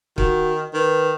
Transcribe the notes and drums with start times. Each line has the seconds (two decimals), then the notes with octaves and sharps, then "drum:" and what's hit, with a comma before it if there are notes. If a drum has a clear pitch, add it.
0.18 D#3 F#4, drum: kick
0.74 D#3 B4